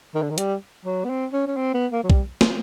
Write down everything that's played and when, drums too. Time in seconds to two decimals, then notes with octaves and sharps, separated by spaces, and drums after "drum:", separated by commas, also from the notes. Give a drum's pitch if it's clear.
0.14 D#3
0.22 D3
0.30 D#3
0.38 G3, drum: hi-hat
0.85 F#3
1.04 B3
1.09 C4
1.33 C#4
1.47 C#4
1.56 C4
1.74 B3
1.92 A#3
2.03 F#3
2.10 G3, drum: kick B1
2.41 drum: snare